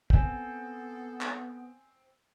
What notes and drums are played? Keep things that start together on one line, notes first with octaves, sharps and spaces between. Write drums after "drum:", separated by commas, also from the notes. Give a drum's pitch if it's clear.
B3 C4 A4 G#5 E7, drum: kick
drum: clap